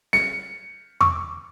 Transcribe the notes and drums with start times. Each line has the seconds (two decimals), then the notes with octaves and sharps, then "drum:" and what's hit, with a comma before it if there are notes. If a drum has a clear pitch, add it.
0.13 C#7, drum: snare
1.01 C#6 D6 E6, drum: tom E2